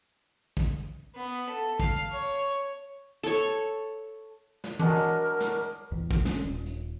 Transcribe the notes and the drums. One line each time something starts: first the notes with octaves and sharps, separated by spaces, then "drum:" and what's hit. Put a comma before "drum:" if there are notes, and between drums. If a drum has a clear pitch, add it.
drum: kick
B3
A4
F5, drum: kick
C#5
A4 C#5
drum: snare
F#3 G#3 D4 A#4, drum: tom
drum: snare
E2
drum: kick
C#4, drum: snare
D#1
drum: hi-hat